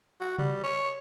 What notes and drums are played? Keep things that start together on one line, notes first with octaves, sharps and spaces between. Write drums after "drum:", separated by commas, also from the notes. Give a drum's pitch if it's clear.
F#4
G3, drum: tom C3
C#5